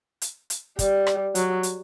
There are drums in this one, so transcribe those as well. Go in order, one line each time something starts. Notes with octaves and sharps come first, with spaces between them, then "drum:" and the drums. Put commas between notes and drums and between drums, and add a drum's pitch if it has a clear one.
drum: hi-hat
drum: hi-hat
G3, drum: kick, hi-hat
drum: rim click
F#3, drum: hi-hat
drum: hi-hat